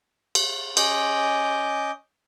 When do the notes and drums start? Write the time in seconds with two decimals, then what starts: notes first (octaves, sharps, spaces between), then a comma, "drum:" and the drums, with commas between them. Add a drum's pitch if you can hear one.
0.35 drum: cymbal
0.77 C#4 D#5 D6 G6, drum: cymbal